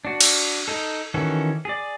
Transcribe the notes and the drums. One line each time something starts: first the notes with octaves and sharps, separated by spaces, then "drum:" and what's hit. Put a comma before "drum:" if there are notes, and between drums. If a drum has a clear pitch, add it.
D4 F#4
drum: cymbal
D#4 A4
D#3 E3 C#4 F#4 A4
G#4 D5